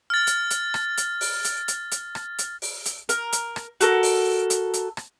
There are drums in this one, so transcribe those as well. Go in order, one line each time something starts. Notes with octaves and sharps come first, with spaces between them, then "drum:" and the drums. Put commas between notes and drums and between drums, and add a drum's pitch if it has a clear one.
F6 A6
drum: hi-hat
drum: hi-hat
drum: rim click
drum: hi-hat
drum: open hi-hat
drum: hi-hat
drum: hi-hat
drum: hi-hat
drum: rim click
drum: hi-hat
drum: open hi-hat
drum: hi-hat
A#4, drum: hi-hat
drum: hi-hat
drum: rim click
F#4 A4 A#4, drum: hi-hat
drum: open hi-hat
drum: hi-hat
drum: hi-hat
drum: rim click